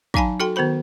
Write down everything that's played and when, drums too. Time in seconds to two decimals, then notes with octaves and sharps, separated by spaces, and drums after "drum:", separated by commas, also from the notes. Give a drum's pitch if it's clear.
0.14 F#3 D#4 F5 G#5 A5 B5, drum: kick
0.40 F#4 A4 G5 C6
0.56 D#3 B3 F#4 C5 B5